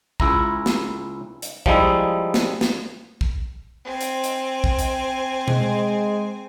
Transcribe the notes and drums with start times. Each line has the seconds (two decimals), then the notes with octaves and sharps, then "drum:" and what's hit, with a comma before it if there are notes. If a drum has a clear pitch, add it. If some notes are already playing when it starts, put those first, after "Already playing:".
0.20 C#2 E4 A#5, drum: kick A#1
0.66 drum: snare
1.42 drum: hi-hat
1.66 F3 G3 G#3 D#4 E4, drum: kick A#1
2.34 drum: snare
2.61 drum: snare
3.21 drum: kick A#1
3.86 C4 G#5
4.01 drum: hi-hat
4.24 drum: hi-hat
4.64 drum: kick A#1
4.79 drum: hi-hat
5.48 G#3, drum: tom B2